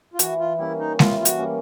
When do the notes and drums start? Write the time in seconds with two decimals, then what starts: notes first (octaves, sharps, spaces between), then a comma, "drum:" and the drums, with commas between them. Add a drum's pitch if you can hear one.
0.14 F4
0.19 E3 F#4, drum: hi-hat
0.39 F4
0.59 G3 A#3 C#4 E4
0.79 D#4
0.99 E3 F4, drum: snare G#3
1.20 F4
1.25 F#4, drum: hi-hat
1.38 G3 A#3 C#4